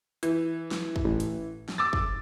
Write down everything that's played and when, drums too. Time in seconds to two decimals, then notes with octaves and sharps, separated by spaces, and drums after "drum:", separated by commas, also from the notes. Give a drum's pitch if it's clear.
0.23 E3, drum: hi-hat
0.71 drum: snare
0.96 drum: kick
1.05 A1
1.20 drum: hi-hat
1.69 drum: snare
1.78 D6 E6 A6
1.93 drum: kick